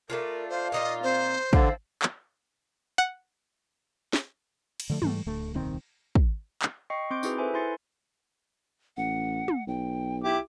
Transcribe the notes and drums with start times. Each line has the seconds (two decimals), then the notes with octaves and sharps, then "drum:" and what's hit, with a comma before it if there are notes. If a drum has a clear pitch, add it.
0.10 A3 D4 F4 A#4
0.50 C5 F5
0.72 A#2 D#4 F4 D#5
1.03 C4 C5
1.53 D3 F3 C4 D4 E4, drum: kick
2.02 drum: clap
2.98 F#5
4.13 drum: snare
4.80 drum: cymbal
4.90 D3 F3 A3
5.02 G#2 E3 G3 A3, drum: tom
5.26 D1 D2 A3
5.54 D#1 C2 D#3 C4
6.15 drum: kick
6.62 drum: clap
6.90 D#5 G5 C#6 C7 C#7
7.11 C4 C6 D6 G6 D7
7.23 D#4 E4 F#4 G#4 B4, drum: tambourine
7.38 A4 B4 C5 E5 G#5 B5
7.54 E4 G#5 C6 A6 C#7
8.97 A1 F#5
9.48 drum: tom
9.67 B1 G5
10.24 E4 G4 D6